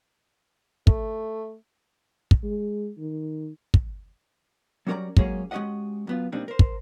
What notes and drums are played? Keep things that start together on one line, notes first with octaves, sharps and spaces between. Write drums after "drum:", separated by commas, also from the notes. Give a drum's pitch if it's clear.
A3, drum: kick
drum: kick
G#3
D#3
drum: kick
F#3 G3 C#4 A#4 D5 A#5
F#3 G#3 A#3 C#4 G#4 C#5, drum: kick
G#3 C#4 F#4 G4 D#5 F#5
F#2 B3 F4
A#2 G3 C4 D4 D#4
A#4 C5
drum: kick